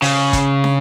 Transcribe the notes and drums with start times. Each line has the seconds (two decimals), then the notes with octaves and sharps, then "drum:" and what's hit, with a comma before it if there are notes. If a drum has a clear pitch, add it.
0.02 C#3, drum: open hi-hat
0.33 drum: kick, hi-hat
0.64 drum: snare